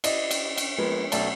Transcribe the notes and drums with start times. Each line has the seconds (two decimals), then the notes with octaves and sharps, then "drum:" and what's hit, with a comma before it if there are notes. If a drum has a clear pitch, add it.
0.04 E4 D5 D#5, drum: cymbal
0.31 drum: cymbal
0.58 drum: cymbal
0.78 F3 G#3 A#3 B3
1.12 B1 A3 D5 A5, drum: cymbal